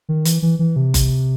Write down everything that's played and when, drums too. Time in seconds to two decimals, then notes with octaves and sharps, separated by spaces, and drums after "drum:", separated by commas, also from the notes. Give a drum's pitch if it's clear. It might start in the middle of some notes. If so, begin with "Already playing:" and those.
0.09 D#3
0.25 E3, drum: hi-hat
0.42 E3
0.59 E3
0.76 C3
0.94 drum: kick F#1, hi-hat